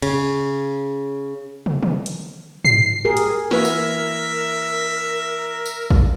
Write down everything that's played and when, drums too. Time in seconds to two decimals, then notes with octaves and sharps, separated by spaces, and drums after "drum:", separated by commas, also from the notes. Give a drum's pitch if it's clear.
0.02 C#3, drum: cymbal
1.66 drum: tom
1.83 drum: tom
2.06 drum: hi-hat
2.65 C7, drum: tom
3.05 G4 G#4 A#4
3.17 drum: hi-hat
3.51 E3 A#3 F#4 A#4 B4 E5 F#5, drum: snare
3.65 drum: tambourine
5.66 drum: tambourine
5.90 drum: kick A1